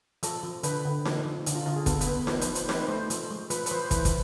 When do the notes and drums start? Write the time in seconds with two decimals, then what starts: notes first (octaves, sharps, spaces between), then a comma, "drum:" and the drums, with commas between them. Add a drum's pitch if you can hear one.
0.23 F3 A4, drum: hi-hat
0.44 F3
0.63 D3 B4, drum: hi-hat
0.85 D3
1.05 F3, drum: snare D#4
1.25 F3
1.46 D3, drum: hi-hat
1.55 F4
1.66 D3 F4
1.76 G#4
1.86 B3 A4, drum: kick, hi-hat
2.01 B4, drum: hi-hat
2.07 B3
2.27 F3 C5, drum: snare D#4
2.41 B4, drum: hi-hat
2.48 F3
2.55 C5, drum: hi-hat
2.69 C4 B4, drum: snare D#4
2.88 A3 C5
3.10 F3, drum: hi-hat
3.30 G#3
3.50 F3 B4, drum: hi-hat
3.66 B4, drum: hi-hat
3.71 F3 C5
3.86 C5
3.91 E3 B4, drum: kick, hi-hat
4.05 drum: kick, hi-hat